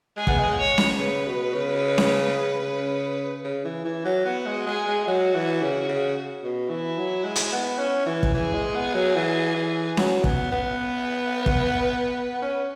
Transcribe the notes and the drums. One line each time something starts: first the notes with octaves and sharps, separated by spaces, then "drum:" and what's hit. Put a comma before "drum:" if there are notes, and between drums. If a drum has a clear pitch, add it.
G#3 G#4
B3, drum: kick
G#3
C#5
drum: snare C#4
C#3 B4
B2
C#3
drum: snare C#4
C#3
C#3
E3
E3
F#3
B3 F#4
G#3
G#3 G#4
G#3
F#3 F#4
E3
C#3
C#3
B2
E3 E4
F#3
G#3
drum: hi-hat
B3
C#4
E3
drum: kick
E3 G#4
G#3
B3
F#3
E3
E3
F#3, drum: snare C#4
B3, drum: kick
B3
B4
drum: kick
B3
C#4